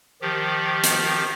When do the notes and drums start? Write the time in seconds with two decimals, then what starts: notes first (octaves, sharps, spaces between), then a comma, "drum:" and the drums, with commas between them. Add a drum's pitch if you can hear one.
0.22 D#3 F3 G4
0.83 drum: hi-hat